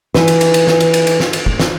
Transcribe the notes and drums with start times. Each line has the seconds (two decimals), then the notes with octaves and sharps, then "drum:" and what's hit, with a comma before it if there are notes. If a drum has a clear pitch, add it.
0.15 E3 B4, drum: snare
0.28 drum: cymbal
0.41 drum: cymbal
0.54 drum: cymbal
0.67 drum: snare
0.80 drum: cymbal
0.94 drum: cymbal
1.07 drum: cymbal
1.20 drum: snare
1.33 drum: cymbal
1.46 drum: kick
1.60 drum: snare